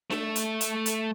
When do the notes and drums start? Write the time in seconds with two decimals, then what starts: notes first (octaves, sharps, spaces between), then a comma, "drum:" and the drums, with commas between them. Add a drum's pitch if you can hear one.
0.10 A3 E5, drum: snare D4
0.36 drum: hi-hat
0.61 drum: hi-hat
0.86 drum: hi-hat